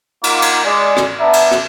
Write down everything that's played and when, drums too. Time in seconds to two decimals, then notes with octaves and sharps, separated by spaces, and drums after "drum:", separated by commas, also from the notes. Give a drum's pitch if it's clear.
0.24 A#3 D#4 F4 F#5 D6, drum: cymbal
0.42 drum: cymbal
0.65 G#3 D5
0.97 drum: rim click
1.20 B3 D4 D5 E5 A5 A#5
1.33 drum: cymbal
1.52 drum: rim click